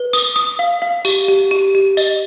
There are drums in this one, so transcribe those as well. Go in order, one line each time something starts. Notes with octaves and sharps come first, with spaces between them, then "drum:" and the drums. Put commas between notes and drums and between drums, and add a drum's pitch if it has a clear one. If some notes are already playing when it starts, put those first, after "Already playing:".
Already playing: B4
D#6, drum: tambourine
D#6
F5
F5
G4, drum: tambourine
G4
G4
G4
D#5, drum: tambourine